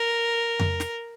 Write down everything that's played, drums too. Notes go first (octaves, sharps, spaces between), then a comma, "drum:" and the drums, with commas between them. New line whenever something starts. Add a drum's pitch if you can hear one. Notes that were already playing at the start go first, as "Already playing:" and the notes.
Already playing: A#4
drum: tom F2
drum: snare